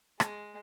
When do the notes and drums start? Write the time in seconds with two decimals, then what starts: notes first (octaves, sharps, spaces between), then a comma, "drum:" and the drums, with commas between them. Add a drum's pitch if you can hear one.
0.20 G#3, drum: rim click